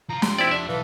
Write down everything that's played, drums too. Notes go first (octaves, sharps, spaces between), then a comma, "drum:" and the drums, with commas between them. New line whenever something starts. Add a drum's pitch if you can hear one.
F3 F4 A#5
F3 G4 C6, drum: snare
C4 E4 D5
D4 E5
B1 E3 A4 F5